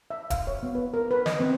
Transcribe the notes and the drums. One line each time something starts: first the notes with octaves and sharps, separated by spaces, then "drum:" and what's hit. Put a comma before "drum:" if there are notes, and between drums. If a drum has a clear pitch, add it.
E5
F5, drum: kick, hi-hat
C#5
B3
B4
A#4
B4
D#5, drum: snare
C4